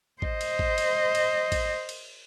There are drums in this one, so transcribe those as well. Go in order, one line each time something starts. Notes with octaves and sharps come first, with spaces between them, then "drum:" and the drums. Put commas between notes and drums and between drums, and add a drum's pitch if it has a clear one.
C5 D#5, drum: kick
drum: cymbal
drum: kick
drum: cymbal
drum: cymbal
drum: kick, cymbal
drum: cymbal